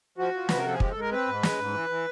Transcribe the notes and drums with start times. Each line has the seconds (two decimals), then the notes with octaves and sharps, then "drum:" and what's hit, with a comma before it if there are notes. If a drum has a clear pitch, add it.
0.18 F3 F#4
0.34 F3
0.49 C3 B4, drum: snare
0.58 A#4
0.65 F3 A4
0.74 G#4
0.80 G#3 G4, drum: kick
0.91 A4
0.96 G#3 A#4
1.12 C4 B4
1.28 G#2
1.43 G#3, drum: snare
1.59 G#2
1.73 E3
1.89 E3